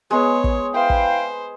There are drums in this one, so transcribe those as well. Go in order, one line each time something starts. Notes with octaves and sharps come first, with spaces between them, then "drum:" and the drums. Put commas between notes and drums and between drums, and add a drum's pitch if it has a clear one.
G#3 B3 G#4 C#5
drum: kick
E4 B4 C5 F5 G5
drum: kick